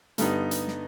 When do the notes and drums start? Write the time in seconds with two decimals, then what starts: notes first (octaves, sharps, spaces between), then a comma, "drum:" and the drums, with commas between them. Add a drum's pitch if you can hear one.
0.18 G2 D3 G3 B3 D#4, drum: hi-hat
0.51 drum: hi-hat
0.68 drum: snare